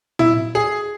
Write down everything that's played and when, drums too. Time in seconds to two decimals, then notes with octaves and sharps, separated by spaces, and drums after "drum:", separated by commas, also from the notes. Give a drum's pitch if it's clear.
0.19 E4, drum: tom A#2
0.55 G#4